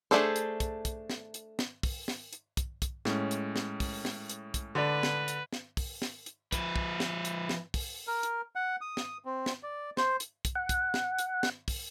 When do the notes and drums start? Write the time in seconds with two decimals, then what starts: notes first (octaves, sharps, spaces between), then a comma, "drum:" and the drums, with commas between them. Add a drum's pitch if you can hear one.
0.11 A3 D4 G#4 A4 C5, drum: snare
0.36 drum: hi-hat
0.60 drum: kick, hi-hat
0.85 drum: kick, hi-hat
1.10 drum: snare
1.34 drum: hi-hat
1.59 drum: snare
1.83 drum: kick, open hi-hat
2.08 drum: snare
2.33 drum: hi-hat
2.57 drum: kick, hi-hat
2.82 drum: kick, hi-hat
3.05 A2 G#3 C#4, drum: snare
3.31 drum: hi-hat
3.56 drum: snare
3.80 drum: kick, open hi-hat
4.05 drum: snare
4.29 drum: hi-hat
4.54 drum: kick, hi-hat
4.75 D3 B4 D5
5.03 drum: snare
5.28 drum: hi-hat
5.53 drum: snare
5.77 drum: kick, open hi-hat
6.02 drum: snare
6.26 drum: hi-hat
6.52 F3 B4, drum: kick, hi-hat
6.76 drum: kick
7.00 drum: snare
7.25 drum: hi-hat
7.49 drum: snare
7.74 drum: kick, open hi-hat
8.07 A#4
8.23 drum: hi-hat
8.55 F#5
8.81 D#6
8.97 drum: snare
9.25 C4
9.46 drum: snare
9.63 D5
9.97 C5, drum: snare
10.20 drum: hi-hat
10.45 drum: kick, hi-hat
10.55 F#5
10.69 drum: kick, hi-hat
10.94 drum: snare
11.19 drum: hi-hat
11.43 drum: snare
11.68 drum: kick, open hi-hat